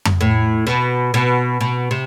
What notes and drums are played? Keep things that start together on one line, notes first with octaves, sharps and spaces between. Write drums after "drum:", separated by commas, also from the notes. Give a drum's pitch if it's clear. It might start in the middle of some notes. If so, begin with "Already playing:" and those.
drum: tom F2
A2
B2
B2
B2
C3